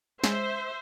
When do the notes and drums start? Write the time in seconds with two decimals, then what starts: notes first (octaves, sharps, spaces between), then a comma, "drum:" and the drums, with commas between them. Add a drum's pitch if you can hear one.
0.24 G#3 C#4 C5 E5, drum: snare